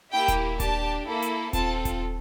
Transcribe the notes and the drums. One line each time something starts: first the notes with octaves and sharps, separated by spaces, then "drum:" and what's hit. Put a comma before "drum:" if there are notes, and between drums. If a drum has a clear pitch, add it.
A#3 E4 G4 G5
drum: kick D#1, hi-hat
D4 G4 A5, drum: kick D#1, hi-hat
A#3 E4 A4
drum: hi-hat
C4 F4 A4 A5, drum: kick D#1, hi-hat
drum: kick D#1, hi-hat